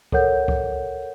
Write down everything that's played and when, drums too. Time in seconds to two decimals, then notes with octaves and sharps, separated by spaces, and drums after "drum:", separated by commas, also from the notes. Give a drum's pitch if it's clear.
0.12 A4 A#4 C#5 F#5 G6, drum: kick C#2
0.48 drum: kick C#2